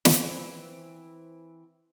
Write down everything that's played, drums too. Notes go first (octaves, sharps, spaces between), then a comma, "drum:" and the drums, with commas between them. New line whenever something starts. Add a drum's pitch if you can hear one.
E3 C4 E4, drum: snare